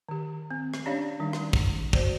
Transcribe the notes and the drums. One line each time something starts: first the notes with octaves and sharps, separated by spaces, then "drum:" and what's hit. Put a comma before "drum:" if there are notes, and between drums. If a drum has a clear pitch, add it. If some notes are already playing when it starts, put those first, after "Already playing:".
D#3 G4
C4
drum: rim click
C#4 D4 G4 C#5 D5 F5
D#3 G3 D#4
drum: rim click
drum: kick
F#4 C5 D5, drum: kick